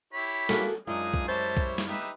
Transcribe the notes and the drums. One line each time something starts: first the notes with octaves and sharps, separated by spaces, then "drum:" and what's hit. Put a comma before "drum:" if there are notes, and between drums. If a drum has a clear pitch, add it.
E4 G4 C#5 B5
A#3 F#4 G#4 A4, drum: snare
F#2 G#3 D4 D#4 F4 G#4
drum: kick B1
G3 E4 C5 C#5 A5
drum: kick B1
drum: snare
D#4 G4 B4 E5